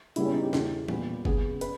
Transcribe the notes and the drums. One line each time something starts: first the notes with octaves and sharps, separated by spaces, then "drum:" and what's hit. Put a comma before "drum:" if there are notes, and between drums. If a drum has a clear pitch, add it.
C#3 G3 B3 E4, drum: hi-hat
C#4
D#4
G4
E2 C#3 E3, drum: snare
A#2 G3 B3, drum: tom E3
C#3 G#3 B3 G#4, drum: kick F#1
B4, drum: hi-hat